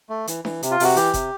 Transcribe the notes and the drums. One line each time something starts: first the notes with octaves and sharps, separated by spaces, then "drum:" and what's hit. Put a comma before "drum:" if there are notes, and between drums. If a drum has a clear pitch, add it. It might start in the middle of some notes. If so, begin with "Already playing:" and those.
A3
E3, drum: hi-hat
E3, drum: snare D4
C3, drum: hi-hat
F4
C3 F#4, drum: open hi-hat
E3 G4, drum: hi-hat
C3, drum: kick F#1, hi-hat